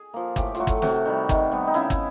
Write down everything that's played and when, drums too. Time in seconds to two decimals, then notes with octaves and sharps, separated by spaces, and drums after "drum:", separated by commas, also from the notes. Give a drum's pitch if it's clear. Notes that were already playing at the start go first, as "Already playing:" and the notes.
Already playing: G#4
0.14 F3 A#3
0.36 A2 G4, drum: kick, hi-hat
0.55 F#3 A3 F4 F#4, drum: hi-hat
0.67 drum: kick, hi-hat
0.82 C3 F#4, drum: snare
1.05 D#3 G3
1.29 D#3, drum: kick, hi-hat
1.52 G3 B3
1.67 D#4
1.74 C#3 E4, drum: hi-hat
1.90 drum: kick, hi-hat